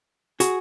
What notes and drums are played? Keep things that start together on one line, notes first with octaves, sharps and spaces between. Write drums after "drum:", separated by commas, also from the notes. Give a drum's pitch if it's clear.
F#4 G#4, drum: hi-hat